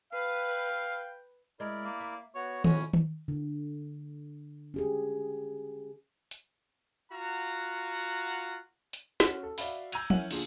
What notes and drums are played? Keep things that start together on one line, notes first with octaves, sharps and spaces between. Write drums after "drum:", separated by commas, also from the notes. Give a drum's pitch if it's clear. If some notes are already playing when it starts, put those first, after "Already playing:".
B4 F5 G5
G#3 E4 A#4 D5
A#3
E5
B3 F#4 C#5
B1 F2 A2 C#4, drum: tom D#3
drum: tom D#3
D3
C#4 G4 G#4
drum: hi-hat
F4 F#4 F#5 A#5
drum: hi-hat
C#4 F#4, drum: snare
A4
F#4 D5 E5 F5 B5, drum: open hi-hat
A#5 E6 G6 G#6 D#7 F7, drum: cymbal
C#4 E4 A#4 F#5 G#5 F#7, drum: tom F3
D3 A#3 F4 G#4, drum: cymbal